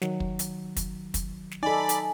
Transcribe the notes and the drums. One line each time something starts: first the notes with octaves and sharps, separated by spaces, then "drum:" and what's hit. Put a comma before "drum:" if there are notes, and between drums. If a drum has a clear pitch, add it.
D#3 F#3, drum: snare
drum: kick
drum: hi-hat
drum: kick, hi-hat
drum: kick, hi-hat
drum: snare
D#4 A4 D5 G#5 B5
drum: hi-hat